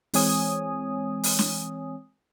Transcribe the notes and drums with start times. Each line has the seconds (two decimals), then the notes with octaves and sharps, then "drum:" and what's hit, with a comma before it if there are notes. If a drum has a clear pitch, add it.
0.14 E3 G#3 C4 C#5 G#5 D#6, drum: open hi-hat
1.24 drum: open hi-hat
1.39 drum: snare